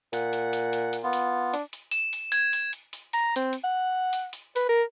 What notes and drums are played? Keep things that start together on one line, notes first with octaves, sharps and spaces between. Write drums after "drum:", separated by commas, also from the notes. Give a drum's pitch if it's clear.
A#2 F#5, drum: hi-hat
drum: hi-hat
drum: hi-hat
drum: hi-hat
drum: hi-hat
B3 F4
drum: hi-hat
D4, drum: hi-hat
drum: hi-hat
E7, drum: hi-hat
drum: hi-hat
G#6, drum: hi-hat
drum: hi-hat
drum: hi-hat
drum: hi-hat
A#5, drum: hi-hat
C4, drum: hi-hat
drum: hi-hat
F#5
drum: hi-hat
drum: hi-hat
B4, drum: hi-hat
A#4